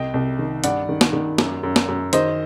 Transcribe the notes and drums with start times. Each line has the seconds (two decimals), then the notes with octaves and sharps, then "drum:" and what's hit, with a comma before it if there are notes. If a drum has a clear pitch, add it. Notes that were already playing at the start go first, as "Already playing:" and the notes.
Already playing: C2 D#5 G5
0.14 C2
0.39 D#3
0.64 G2 D5 F#5, drum: hi-hat
0.89 D#3
1.01 drum: snare
1.13 D#3
1.38 F#2, drum: snare
1.63 F#2
1.76 drum: snare
1.88 F#2
2.13 D#3 C5 D#5, drum: hi-hat